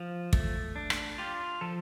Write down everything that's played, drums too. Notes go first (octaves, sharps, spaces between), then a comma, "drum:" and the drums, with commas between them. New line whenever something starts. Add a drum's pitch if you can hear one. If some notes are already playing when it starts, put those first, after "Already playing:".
Already playing: F3
A3, drum: kick
D4
drum: rim click
F4 G4
F3 A4